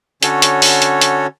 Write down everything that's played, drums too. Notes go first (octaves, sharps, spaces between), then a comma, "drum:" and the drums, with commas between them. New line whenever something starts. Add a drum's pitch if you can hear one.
D3 C#4 F#4 A4 C#5, drum: hi-hat
drum: hi-hat
drum: open hi-hat
drum: hi-hat
drum: hi-hat